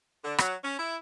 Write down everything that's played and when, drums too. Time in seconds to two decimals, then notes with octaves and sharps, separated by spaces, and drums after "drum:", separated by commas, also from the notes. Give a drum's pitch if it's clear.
0.24 D3
0.38 F#3, drum: rim click
0.63 C#4
0.77 E4